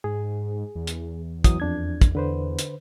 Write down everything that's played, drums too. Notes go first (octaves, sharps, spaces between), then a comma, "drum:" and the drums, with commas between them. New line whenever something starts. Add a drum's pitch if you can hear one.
G#2 G#4
E2
drum: hi-hat
E3 F#3 D#6, drum: kick, hi-hat
F2 D4 G#6
drum: kick, hi-hat
D3 B4 C5
drum: hi-hat